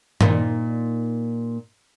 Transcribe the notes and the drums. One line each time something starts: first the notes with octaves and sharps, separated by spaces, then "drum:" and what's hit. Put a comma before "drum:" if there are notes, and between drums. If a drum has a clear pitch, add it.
A#2 D#4, drum: tom